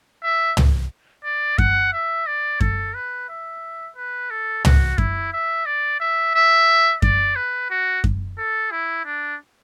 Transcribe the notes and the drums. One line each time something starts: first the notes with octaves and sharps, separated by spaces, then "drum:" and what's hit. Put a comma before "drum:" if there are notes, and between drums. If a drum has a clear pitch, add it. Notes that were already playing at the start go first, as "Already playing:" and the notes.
E5
drum: tom
D5
F#5, drum: kick F#2
E5
D5
A4, drum: kick F#2
B4
E5
B4
A4
F#4, drum: tom
E4, drum: kick F#2
E5
D5
E5
E5
D5, drum: kick F#2
B4
F#4
drum: kick F#2
A4
E4
D4